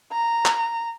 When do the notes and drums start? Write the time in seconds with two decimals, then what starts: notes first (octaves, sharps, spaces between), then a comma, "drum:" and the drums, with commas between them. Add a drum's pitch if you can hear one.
0.12 A#5
0.45 drum: clap